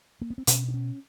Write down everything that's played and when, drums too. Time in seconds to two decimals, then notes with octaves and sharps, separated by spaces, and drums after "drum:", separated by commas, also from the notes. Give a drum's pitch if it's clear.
0.21 A#3
0.30 B3
0.38 C4
0.47 B2 C#4, drum: hi-hat
0.68 D4
0.74 C#4